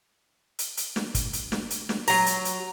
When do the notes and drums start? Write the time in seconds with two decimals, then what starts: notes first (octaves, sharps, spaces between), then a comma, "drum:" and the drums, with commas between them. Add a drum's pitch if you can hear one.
0.59 drum: hi-hat
0.77 drum: hi-hat
0.96 drum: snare
1.15 drum: kick, hi-hat
1.33 drum: hi-hat
1.52 drum: snare
1.70 drum: hi-hat
1.89 drum: snare
2.08 F#3 A#5, drum: open hi-hat
2.26 drum: hi-hat
2.45 drum: hi-hat